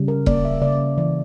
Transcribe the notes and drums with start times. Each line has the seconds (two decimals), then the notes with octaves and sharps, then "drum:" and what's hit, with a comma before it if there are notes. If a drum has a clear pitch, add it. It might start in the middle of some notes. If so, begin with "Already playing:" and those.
Already playing: C#3 G3
0.08 A#4
0.26 A#3 D5, drum: kick E1
0.45 E5
0.62 C#3 D5
0.98 E3 D5